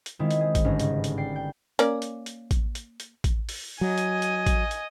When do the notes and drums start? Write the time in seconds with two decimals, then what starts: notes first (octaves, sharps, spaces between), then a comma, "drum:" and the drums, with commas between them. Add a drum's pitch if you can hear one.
0.06 drum: hi-hat
0.19 D#3 G#3 C4 C#4 E4 F4
0.31 drum: hi-hat
0.41 G#4
0.55 drum: kick A1, hi-hat
0.64 G1 G#2 C#4 A#6
0.79 C#3, drum: hi-hat
1.04 drum: hi-hat
1.17 D5 G5 C7
1.36 G5
1.79 A#3 C#4 D5, drum: hi-hat
2.02 drum: hi-hat
2.26 drum: hi-hat
2.51 drum: kick A1, hi-hat
2.75 drum: hi-hat
3.00 drum: hi-hat
3.24 drum: kick A1, hi-hat
3.49 drum: open hi-hat
3.81 F#3 D#5 G#5
3.98 drum: hi-hat
4.22 drum: hi-hat
4.47 drum: kick A1, hi-hat
4.71 drum: hi-hat